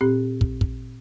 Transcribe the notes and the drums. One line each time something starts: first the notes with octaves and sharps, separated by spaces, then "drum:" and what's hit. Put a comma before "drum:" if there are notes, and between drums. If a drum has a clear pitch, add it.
A#2 C4 G4
drum: kick
drum: kick